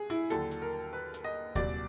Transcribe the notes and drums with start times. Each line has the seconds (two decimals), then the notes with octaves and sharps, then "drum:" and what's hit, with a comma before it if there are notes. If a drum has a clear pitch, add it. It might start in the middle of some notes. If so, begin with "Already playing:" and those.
Already playing: G2 G#4
0.10 E4
0.30 D#2 D3 F#3 A4, drum: hi-hat
0.51 drum: hi-hat
0.62 A#4
0.93 B4
1.14 drum: hi-hat
1.24 D#5
1.55 C2 A#2 F#3 D5, drum: kick D#2, hi-hat